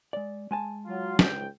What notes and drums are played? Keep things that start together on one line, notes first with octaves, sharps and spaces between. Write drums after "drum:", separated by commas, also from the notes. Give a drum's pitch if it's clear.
G#3 D5
G#3 G#5 A5
F#3 F4
C#2 G#2 G5, drum: snare